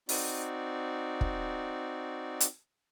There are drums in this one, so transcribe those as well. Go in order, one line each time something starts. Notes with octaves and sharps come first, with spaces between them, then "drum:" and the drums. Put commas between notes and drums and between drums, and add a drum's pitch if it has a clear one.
C4 D#4 F#4 D5, drum: open hi-hat
drum: kick
drum: hi-hat